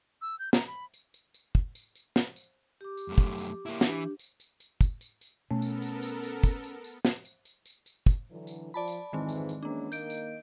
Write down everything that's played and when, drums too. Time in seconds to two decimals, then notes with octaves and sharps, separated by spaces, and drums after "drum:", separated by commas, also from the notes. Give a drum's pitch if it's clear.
0.21 E6
0.39 G6
0.53 A#5, drum: snare
0.67 B5
0.94 drum: tambourine
1.14 drum: tambourine
1.34 drum: tambourine
1.55 drum: kick
1.75 drum: tambourine
1.96 drum: tambourine
2.16 drum: snare
2.36 drum: tambourine
2.81 G4 D6
2.97 drum: tambourine
3.08 F#2 A3
3.18 drum: kick, tambourine
3.38 drum: tambourine
3.66 A#3 E4
3.81 E3 D4 G4, drum: snare
4.20 drum: tambourine
4.40 drum: tambourine
4.60 drum: tambourine
4.81 drum: kick, tambourine
5.01 drum: tambourine
5.21 drum: tambourine
5.51 B2 A3 B3 C#4 A4 A#4
5.62 drum: tambourine
5.82 drum: tambourine
6.03 drum: tambourine
6.23 drum: tambourine
6.44 drum: kick, tambourine
6.64 drum: tambourine
6.84 drum: tambourine
7.05 drum: snare
7.25 drum: tambourine
7.45 drum: tambourine
7.66 drum: tambourine
7.86 drum: tambourine
8.06 drum: kick, tambourine
8.31 D3 E3 F#3
8.47 drum: tambourine
8.74 F3 D5 A5 B5
8.88 drum: tambourine
9.13 F2 G#2 D#3 E3 G#3 C4
9.29 drum: tambourine
9.49 drum: tambourine
9.62 E2 G#3 A#3 C#4 D4
9.92 D#3 A#3 D#5 G6 D7, drum: tambourine
10.10 drum: tambourine